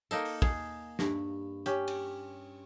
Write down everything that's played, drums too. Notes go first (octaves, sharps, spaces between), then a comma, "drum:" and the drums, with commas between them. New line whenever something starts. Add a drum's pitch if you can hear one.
A#3 D#4 A4, drum: tambourine
drum: open hi-hat
G#4, drum: kick
G2, drum: snare
C#4 G4, drum: hi-hat
drum: cymbal